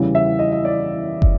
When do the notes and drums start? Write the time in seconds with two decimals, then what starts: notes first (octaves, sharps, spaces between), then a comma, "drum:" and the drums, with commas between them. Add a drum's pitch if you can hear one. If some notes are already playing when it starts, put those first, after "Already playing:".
Already playing: E2 C#3 E3 G3
0.15 E5
0.39 D#5
0.52 D#5
0.65 D5
1.22 drum: kick